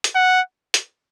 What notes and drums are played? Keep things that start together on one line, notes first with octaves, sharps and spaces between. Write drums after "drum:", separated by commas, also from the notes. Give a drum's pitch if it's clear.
drum: hi-hat
F#5
drum: hi-hat